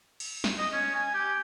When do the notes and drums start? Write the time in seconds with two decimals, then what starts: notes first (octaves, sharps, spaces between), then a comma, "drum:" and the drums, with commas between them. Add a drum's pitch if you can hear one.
0.20 drum: cymbal
0.44 drum: snare
0.58 D#5
0.73 C#4
0.95 G#5
1.14 G4